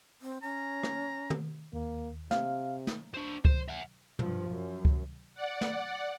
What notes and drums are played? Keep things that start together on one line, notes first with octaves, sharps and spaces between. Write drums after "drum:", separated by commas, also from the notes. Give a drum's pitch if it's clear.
C4
C#4 A#5
drum: rim click
drum: tom
D#2 A#3
C3 F5, drum: snare
drum: snare
D4 C5
C5, drum: kick C#2
E5 F#5
G2 F3, drum: tom
F#2
drum: kick C#2
D5 F#5
drum: snare